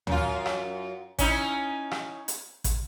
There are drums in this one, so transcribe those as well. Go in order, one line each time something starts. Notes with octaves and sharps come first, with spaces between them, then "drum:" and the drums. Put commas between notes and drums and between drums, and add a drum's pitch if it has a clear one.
F#2 F4, drum: tom D2
drum: rim click
C#4 D#4 E4, drum: kick, hi-hat
drum: rim click
drum: hi-hat
drum: kick, hi-hat